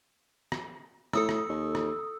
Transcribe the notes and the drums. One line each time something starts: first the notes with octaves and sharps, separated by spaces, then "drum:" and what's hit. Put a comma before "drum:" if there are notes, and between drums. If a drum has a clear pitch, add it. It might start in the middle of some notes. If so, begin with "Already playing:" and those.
drum: rim click
A2 A4 D#6 E6, drum: rim click
drum: rim click
D#2
drum: rim click